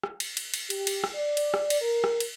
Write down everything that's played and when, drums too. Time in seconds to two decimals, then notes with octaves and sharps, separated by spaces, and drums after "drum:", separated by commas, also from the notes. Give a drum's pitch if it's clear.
0.04 drum: rim click
0.20 drum: cymbal
0.37 drum: cymbal
0.54 drum: cymbal
0.70 G4, drum: cymbal
0.87 drum: cymbal
1.04 drum: rim click
1.15 D5
1.37 drum: cymbal
1.54 drum: rim click
1.70 drum: cymbal
1.82 A#4
2.04 drum: rim click
2.20 drum: cymbal